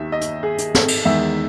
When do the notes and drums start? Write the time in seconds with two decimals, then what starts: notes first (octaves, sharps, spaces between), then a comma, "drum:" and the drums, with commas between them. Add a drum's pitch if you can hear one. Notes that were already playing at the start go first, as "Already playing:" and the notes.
Already playing: D#2 D#3 E5
0.12 D#5
0.21 drum: hi-hat
0.43 G#4
0.58 drum: hi-hat
0.75 A4, drum: snare
0.88 drum: cymbal
1.05 E2 D#3 G#3 E5